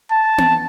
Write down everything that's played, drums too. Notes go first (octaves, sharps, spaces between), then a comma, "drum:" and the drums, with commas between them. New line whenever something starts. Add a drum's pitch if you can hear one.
A5
drum: tom B3